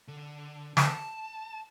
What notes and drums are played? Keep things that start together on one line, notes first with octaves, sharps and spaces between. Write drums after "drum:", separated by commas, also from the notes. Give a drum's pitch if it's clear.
D3
A5, drum: snare